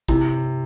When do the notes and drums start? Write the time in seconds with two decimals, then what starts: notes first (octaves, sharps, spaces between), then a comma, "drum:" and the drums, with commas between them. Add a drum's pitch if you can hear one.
0.08 C3 E4, drum: kick